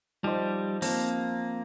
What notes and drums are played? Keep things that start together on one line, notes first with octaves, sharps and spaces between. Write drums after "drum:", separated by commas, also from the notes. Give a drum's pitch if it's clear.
F3 G3 D#4 C5 D#5
F3 A#3 C4, drum: open hi-hat